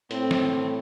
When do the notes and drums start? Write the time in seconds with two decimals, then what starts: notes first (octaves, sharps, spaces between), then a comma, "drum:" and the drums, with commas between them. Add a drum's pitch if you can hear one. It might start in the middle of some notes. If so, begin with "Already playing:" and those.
0.11 A2 C4, drum: hi-hat
0.31 drum: snare